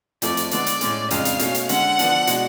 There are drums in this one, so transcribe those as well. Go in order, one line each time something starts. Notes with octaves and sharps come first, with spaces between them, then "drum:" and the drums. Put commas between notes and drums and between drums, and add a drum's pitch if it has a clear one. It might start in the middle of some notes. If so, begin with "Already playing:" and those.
F2 F3 A3 D5, drum: hi-hat
drum: hi-hat
D3 G#3 B3 D4 D5, drum: hi-hat
drum: hi-hat
A2 G#3 C#4, drum: hi-hat
F2 C#3 G#3 D4 F5, drum: hi-hat
drum: hi-hat
B2 A3 C#4, drum: hi-hat
drum: hi-hat
D3 G#3 C#4 F#5, drum: hi-hat
D3 F3 B3 D4, drum: hi-hat
B2 G#3 D4, drum: hi-hat